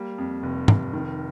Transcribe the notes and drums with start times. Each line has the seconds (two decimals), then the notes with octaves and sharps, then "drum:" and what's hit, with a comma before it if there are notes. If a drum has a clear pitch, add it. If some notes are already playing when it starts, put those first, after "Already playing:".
Already playing: G3 A#3
0.18 F2
0.43 F1
0.68 F2, drum: tom G#2
0.93 D#3